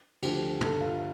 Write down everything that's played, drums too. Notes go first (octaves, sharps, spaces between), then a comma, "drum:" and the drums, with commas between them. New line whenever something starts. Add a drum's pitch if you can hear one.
D2 D3 F3 G4, drum: cymbal
G1 G2 D3 A4, drum: tom
F4